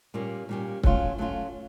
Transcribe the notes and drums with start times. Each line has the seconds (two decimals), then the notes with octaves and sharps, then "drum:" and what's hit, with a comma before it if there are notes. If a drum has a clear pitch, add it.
0.14 A#2 G3 A#3 C#4
0.49 A#2 G3 A#3 C#4
0.84 F#3 A3 C#4 F4, drum: kick C#1
1.18 F#3 A3 C#4 F4